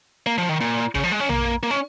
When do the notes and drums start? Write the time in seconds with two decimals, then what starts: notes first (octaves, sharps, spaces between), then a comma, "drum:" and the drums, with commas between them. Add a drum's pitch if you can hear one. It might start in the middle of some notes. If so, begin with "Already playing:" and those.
0.26 A#3
0.38 F3
0.49 D#3
0.61 A#2
0.95 C#3, drum: kick A1
1.04 F3
1.12 G#3
1.20 C#4
1.29 A#3, drum: tom A#1
1.63 A#3
1.71 C#4